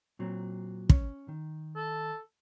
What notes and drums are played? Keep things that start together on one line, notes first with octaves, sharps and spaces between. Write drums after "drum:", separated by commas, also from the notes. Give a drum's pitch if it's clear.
A#2 F#3 C4
C#4, drum: kick
D#3
A4